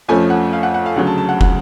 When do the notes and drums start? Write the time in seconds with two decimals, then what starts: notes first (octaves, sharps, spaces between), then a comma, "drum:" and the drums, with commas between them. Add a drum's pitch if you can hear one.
0.08 F2 F3 A3 C#4 G#5
0.30 F#5
0.53 F5
0.63 F#5
0.74 F#5
0.86 F5
0.96 D2 C#3 F#3 F#5
1.07 A5
1.18 A5
1.29 F#5
1.41 F#5, drum: kick